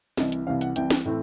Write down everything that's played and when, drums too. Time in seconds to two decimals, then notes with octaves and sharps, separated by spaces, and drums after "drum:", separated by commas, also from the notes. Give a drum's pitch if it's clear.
0.17 C2 C3 E3 D#5, drum: snare
0.32 drum: hi-hat
0.47 C2 C3 E3 F5
0.61 F#5, drum: hi-hat
0.76 C2 C3 E3 G5, drum: hi-hat
0.90 drum: snare
1.05 A2 E3 A3 C4